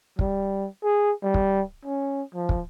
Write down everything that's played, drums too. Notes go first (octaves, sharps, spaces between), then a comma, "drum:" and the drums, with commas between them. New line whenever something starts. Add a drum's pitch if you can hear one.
G3, drum: kick
G#4
G3
drum: kick
C#4
F3
drum: kick